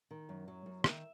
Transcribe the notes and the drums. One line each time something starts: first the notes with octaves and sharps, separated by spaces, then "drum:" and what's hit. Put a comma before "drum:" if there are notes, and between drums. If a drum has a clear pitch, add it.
D#3
F#2
F#3
F#2
D#3 E5, drum: rim click